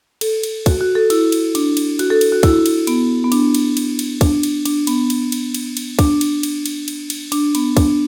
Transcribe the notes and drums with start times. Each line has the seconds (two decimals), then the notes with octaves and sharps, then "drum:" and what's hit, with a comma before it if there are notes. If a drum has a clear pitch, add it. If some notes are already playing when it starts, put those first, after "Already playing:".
0.21 A4, drum: cymbal
0.43 drum: cymbal
0.66 F#4, drum: kick, cymbal
0.81 F#4
0.95 A4
1.10 E4, drum: cymbal
1.32 drum: cymbal
1.55 D4, drum: cymbal
1.77 drum: cymbal
1.99 F#4, drum: cymbal
2.10 A4
2.21 drum: cymbal
2.32 F#4
2.43 E4, drum: kick, cymbal
2.66 drum: cymbal
2.87 B3, drum: cymbal
3.24 B3
3.32 D4, drum: cymbal
3.55 drum: cymbal
3.77 drum: cymbal
3.99 drum: cymbal
4.21 D4, drum: kick, cymbal
4.43 drum: cymbal
4.66 D4, drum: cymbal
4.87 B3, drum: cymbal
5.10 drum: cymbal
5.32 drum: cymbal
5.54 drum: cymbal
5.77 drum: cymbal
5.99 D4, drum: kick, cymbal
6.21 drum: cymbal
6.43 drum: cymbal
6.66 drum: cymbal
6.88 drum: cymbal
7.10 drum: cymbal
7.32 D4, drum: cymbal
7.55 B3, drum: cymbal
7.77 D4, drum: kick, cymbal